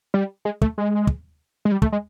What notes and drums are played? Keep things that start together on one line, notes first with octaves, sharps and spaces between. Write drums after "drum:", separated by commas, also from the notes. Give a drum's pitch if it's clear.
G3
G#3
A3, drum: kick
G#3
drum: kick
G#3
G3
A3, drum: kick
G#3